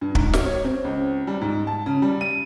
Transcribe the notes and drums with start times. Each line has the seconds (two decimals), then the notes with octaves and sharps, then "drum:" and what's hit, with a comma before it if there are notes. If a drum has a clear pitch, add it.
0.01 G2
0.15 G#2, drum: kick
0.33 drum: snare
0.46 C#5
0.64 C4
0.84 C#2
1.27 G3
1.41 G#2
1.67 A5
1.86 C#3
2.02 G3
2.21 D#7